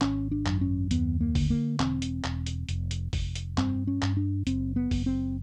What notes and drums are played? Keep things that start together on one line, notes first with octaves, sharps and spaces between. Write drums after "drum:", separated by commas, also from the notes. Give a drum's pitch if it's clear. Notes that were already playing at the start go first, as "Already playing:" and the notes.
G#1 C#4, drum: clap
D4
F#2, drum: clap
C#4
D#2 B3, drum: hi-hat
A#3
D3, drum: kick G1, open hi-hat
A#3
E1 C4, drum: clap
drum: hi-hat
E1, drum: clap
drum: hi-hat
F1, drum: hi-hat
drum: hi-hat
F1, drum: kick G1, open hi-hat
drum: hi-hat
G2 C4, drum: clap
C#4
G2, drum: clap
D4
F#1 C4, drum: hi-hat
B3
F#1, drum: kick G1, open hi-hat
C4